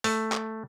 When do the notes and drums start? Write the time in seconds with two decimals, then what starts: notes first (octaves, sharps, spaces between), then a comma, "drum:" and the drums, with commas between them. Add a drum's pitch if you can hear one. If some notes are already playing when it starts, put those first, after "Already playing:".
0.04 A3, drum: open hi-hat
0.32 drum: clap